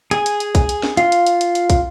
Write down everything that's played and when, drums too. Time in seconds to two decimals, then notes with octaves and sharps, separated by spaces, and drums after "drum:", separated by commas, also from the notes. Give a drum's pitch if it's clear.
0.11 G#4 G#5, drum: hi-hat
0.26 drum: hi-hat
0.40 drum: hi-hat
0.55 drum: kick, hi-hat
0.69 drum: hi-hat
0.83 drum: snare
0.97 F4 F5, drum: hi-hat
1.12 drum: hi-hat
1.26 drum: hi-hat
1.41 drum: hi-hat
1.55 drum: hi-hat
1.70 drum: kick, hi-hat